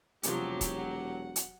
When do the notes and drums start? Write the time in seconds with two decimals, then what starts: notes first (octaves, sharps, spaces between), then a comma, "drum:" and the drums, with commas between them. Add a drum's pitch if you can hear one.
0.23 E1 C3 F3 F#3 G4, drum: hi-hat
0.61 drum: kick, hi-hat
0.77 F#5
1.36 drum: hi-hat